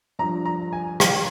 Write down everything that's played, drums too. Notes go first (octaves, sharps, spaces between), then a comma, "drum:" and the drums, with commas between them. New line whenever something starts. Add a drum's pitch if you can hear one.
G2 F3 A#5
A#5
G#5
G5, drum: rim click